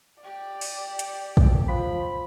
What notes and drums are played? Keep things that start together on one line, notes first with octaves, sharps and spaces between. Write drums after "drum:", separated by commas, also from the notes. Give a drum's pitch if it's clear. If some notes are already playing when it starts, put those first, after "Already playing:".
G4 D5
drum: open hi-hat
drum: hi-hat
drum: kick
F3 B5